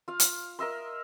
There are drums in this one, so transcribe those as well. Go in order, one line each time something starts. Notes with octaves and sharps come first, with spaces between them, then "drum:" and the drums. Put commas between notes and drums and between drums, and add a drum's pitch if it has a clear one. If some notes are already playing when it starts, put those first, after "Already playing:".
F4 F5
drum: hi-hat
A#4 D#5 E5 C6